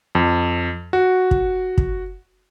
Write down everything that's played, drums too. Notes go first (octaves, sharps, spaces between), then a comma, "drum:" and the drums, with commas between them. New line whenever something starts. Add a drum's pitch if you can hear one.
F2
F#4
drum: kick
drum: kick